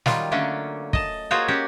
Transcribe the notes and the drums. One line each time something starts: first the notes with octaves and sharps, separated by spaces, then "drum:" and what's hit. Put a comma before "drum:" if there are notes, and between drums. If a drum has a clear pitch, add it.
D#3 F#3 G3 F4, drum: snare
D3 A3 A#3 C#4 D4
D#5 A5, drum: kick
A#3 F4 F#4 G#4 C5 C#5
C#4 F#4 G4